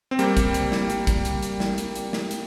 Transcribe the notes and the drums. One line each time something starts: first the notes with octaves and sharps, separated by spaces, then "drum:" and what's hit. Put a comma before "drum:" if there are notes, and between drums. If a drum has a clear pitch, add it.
C4
G3 A#3, drum: hi-hat
drum: kick, hi-hat
drum: hi-hat
drum: snare
drum: hi-hat
drum: kick, hi-hat
drum: hi-hat
drum: hi-hat
drum: snare
drum: hi-hat
drum: hi-hat
drum: snare
drum: hi-hat